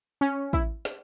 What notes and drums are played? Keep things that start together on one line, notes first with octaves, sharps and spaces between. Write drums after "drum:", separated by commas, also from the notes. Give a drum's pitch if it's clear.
C#4
E4, drum: kick
drum: snare